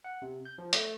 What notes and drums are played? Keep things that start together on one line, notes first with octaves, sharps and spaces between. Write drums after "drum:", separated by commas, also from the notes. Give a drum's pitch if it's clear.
F#5
C3
G6
F3
A3, drum: hi-hat